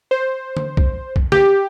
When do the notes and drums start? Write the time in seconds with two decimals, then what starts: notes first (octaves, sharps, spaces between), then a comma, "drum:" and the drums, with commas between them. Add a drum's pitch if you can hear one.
0.11 C5
0.57 drum: tom D3
0.77 drum: kick B1
1.16 drum: kick B1
1.32 G4, drum: snare